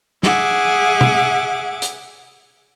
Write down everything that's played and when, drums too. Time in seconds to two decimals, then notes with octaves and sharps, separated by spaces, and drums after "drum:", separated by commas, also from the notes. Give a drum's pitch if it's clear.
0.23 G#4 E5 F#5 D6, drum: snare
1.01 drum: tom B2
1.82 drum: hi-hat